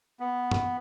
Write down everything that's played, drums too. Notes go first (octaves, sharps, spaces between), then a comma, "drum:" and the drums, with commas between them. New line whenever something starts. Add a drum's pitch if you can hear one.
B3
drum: tom F#2